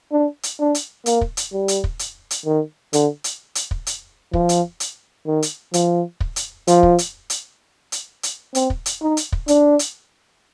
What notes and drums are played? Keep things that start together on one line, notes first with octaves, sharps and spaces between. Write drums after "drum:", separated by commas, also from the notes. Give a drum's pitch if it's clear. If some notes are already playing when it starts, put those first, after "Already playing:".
D4
drum: hi-hat
D4
drum: hi-hat
A#3, drum: hi-hat
drum: kick
drum: hi-hat
G3
drum: hi-hat
drum: kick
drum: hi-hat
drum: hi-hat
D#3
D3, drum: hi-hat
drum: hi-hat
drum: hi-hat
drum: kick
drum: hi-hat
F3, drum: kick
drum: hi-hat
drum: hi-hat
D#3
drum: hi-hat
F3, drum: hi-hat
drum: kick
drum: hi-hat
F3, drum: hi-hat
drum: kick
drum: hi-hat
drum: hi-hat
drum: hi-hat
drum: hi-hat
C4, drum: hi-hat
drum: kick
drum: hi-hat
D#4
drum: hi-hat
drum: kick
D4, drum: hi-hat
drum: hi-hat